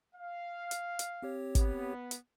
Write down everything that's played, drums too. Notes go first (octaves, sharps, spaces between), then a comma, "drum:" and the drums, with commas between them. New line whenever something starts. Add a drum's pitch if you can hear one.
F5
drum: hi-hat
drum: hi-hat
C4 G4 C#5
B3, drum: kick, hi-hat
drum: hi-hat